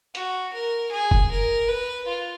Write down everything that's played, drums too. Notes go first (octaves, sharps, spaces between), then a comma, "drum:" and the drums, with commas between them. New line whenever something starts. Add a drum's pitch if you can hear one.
F#4, drum: hi-hat
A#4
G#4
drum: kick F1
A#4
B4
F4